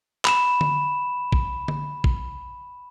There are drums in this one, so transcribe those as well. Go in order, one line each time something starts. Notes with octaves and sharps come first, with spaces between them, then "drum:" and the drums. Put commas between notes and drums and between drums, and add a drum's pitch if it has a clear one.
B5 E7, drum: clap
drum: tom D3
drum: kick
drum: tom D3
drum: kick